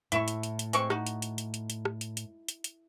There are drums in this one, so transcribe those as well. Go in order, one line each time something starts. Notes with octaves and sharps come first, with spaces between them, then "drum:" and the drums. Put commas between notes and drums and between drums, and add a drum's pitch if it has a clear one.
A2 E4 E5 C#6, drum: hi-hat
drum: hi-hat
drum: hi-hat
drum: hi-hat
G#3 C4 C#6, drum: hi-hat
D#4 F#4, drum: rim click
drum: hi-hat
drum: hi-hat
drum: hi-hat
drum: hi-hat
drum: hi-hat
drum: rim click
drum: hi-hat
drum: hi-hat
drum: hi-hat
drum: hi-hat